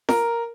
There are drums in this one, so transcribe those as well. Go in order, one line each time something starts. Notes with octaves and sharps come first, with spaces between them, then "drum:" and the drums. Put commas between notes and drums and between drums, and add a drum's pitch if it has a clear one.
A#4, drum: snare